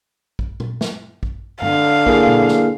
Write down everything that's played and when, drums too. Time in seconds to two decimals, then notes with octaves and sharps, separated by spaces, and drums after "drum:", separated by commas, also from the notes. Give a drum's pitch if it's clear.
0.39 drum: kick
0.60 drum: tom A#2
0.81 drum: snare
1.23 drum: kick
1.62 D3 F5, drum: tom G2
2.07 A#3 E4 G#4, drum: kick
2.27 drum: tom A#2
2.48 drum: snare